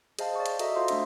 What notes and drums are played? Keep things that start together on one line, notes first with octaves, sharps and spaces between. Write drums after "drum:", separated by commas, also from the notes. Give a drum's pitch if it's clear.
G#4 C5 D#5 F5 A5, drum: hi-hat
D5 C#6
drum: hi-hat
F#4 A4 D#5 E5 A#5, drum: hi-hat
F4 F#4 C5 F5 A#5 C6
A3 D4 E5, drum: hi-hat